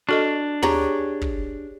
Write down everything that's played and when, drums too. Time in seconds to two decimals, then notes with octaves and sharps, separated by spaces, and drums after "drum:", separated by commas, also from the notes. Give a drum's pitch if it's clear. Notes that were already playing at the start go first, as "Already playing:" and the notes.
0.09 D4 F#4 A4 D#5
0.63 G4 G#4 C#5 A#5, drum: tom
1.22 drum: kick